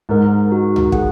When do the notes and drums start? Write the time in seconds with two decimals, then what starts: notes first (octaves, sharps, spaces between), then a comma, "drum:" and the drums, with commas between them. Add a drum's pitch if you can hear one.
0.09 G#2 D#4 A#4 F#5
0.51 D#4 F#4 A#4
0.76 drum: tom C#2
0.92 G#4 F#5, drum: kick